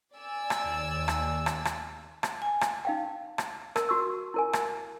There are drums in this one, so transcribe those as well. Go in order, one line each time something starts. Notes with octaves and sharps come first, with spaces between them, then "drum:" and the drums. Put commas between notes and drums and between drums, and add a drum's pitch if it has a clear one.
D5 G#5 E6
drum: rim click
D#2
drum: rim click
drum: rim click
drum: rim click
drum: rim click
G#5
drum: rim click
D#4 F5 G5
drum: rim click
A#4, drum: rim click
F#4 C#6 E6
E4 A#4 G#5
drum: rim click